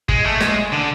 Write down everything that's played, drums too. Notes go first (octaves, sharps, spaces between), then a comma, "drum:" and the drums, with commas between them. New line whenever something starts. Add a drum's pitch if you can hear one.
G#3, drum: kick
A3
G#3, drum: snare
D3